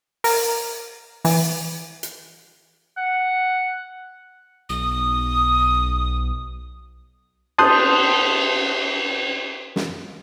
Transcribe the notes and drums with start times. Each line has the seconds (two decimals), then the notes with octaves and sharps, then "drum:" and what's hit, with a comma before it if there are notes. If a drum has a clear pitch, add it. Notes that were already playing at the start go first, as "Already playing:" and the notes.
0.24 A#4, drum: open hi-hat
1.25 E3, drum: open hi-hat
2.03 drum: hi-hat
2.97 F#5
4.69 B1 D#6
7.58 A5 C6 D#6 F#6 G6, drum: cymbal
9.76 drum: snare